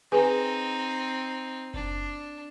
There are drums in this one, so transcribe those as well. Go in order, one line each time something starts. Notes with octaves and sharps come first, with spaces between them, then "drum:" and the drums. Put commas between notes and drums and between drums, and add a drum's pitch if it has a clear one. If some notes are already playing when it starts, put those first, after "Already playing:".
C4 D#4 G#4 B4 G#5
D4, drum: kick F#1